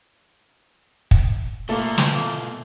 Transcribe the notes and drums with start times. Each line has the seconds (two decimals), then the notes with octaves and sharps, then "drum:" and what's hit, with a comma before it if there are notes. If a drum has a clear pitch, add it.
1.11 drum: kick
1.69 B2 A3 A#3 F4 A4 A5
1.98 drum: snare